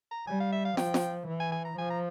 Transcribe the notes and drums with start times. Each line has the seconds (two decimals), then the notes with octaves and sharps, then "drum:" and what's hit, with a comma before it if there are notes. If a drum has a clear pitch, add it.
0.11 A#5
0.27 G3 G#5
0.40 F5
0.52 E5
0.65 F5
0.77 F3 G5, drum: snare
0.94 drum: snare
1.28 E3
1.40 G#5
1.52 G#5
1.65 A#5
1.78 F3 G#5
1.90 A#5